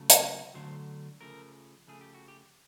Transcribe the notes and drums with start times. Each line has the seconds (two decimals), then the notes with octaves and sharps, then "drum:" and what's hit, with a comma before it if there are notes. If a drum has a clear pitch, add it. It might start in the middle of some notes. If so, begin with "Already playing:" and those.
Already playing: C#3 F#3 A3
0.10 drum: hi-hat
0.54 D3 F#3 A3 C5
1.21 C#3 F3 A3 A#4
1.87 C#3 F3 A3 G#4
2.01 G4
2.15 F#4
2.28 G4